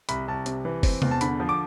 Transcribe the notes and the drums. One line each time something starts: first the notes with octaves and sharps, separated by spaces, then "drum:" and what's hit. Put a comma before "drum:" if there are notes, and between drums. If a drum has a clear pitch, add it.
C2 B5, drum: hi-hat
C2 A5
C3, drum: hi-hat
E3
C4, drum: kick, open hi-hat
E2, drum: tom C3
A5
D3 B5, drum: hi-hat
F3
D6